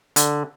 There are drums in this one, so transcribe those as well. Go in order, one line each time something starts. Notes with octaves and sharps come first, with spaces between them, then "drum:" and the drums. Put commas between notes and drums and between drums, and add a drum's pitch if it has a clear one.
D3, drum: hi-hat